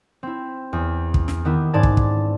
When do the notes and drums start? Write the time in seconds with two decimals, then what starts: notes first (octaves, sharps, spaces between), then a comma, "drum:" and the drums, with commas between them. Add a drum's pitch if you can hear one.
0.23 C4 E4
0.73 E2
1.14 drum: kick
1.28 drum: snare
1.45 D#3 B3 E4 G4
1.74 G#2 C#4 D5 A5 G#6
1.83 drum: kick
1.97 drum: kick